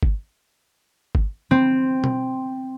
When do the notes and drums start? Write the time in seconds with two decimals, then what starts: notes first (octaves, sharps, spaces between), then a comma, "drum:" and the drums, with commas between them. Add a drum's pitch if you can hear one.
0.03 drum: kick G1
1.15 drum: kick G1
1.51 C4
2.04 drum: tom B2